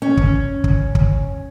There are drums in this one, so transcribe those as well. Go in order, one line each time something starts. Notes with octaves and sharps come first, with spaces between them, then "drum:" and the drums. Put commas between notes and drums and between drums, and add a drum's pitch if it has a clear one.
C#4
drum: kick
drum: kick
drum: kick